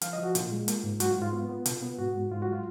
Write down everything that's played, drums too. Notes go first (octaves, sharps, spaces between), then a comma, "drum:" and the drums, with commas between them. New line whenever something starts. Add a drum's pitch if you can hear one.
F3 F5, drum: hi-hat
D#5
F3 F#4
A#2 F4, drum: hi-hat
G#3
A#3, drum: hi-hat
G#2
F#3 F#4, drum: hi-hat
F4
G#2
F4
B3
B3
B2, drum: hi-hat
B3
G#2 F#4
G#2
G#2 F4
F#4
F#3
F4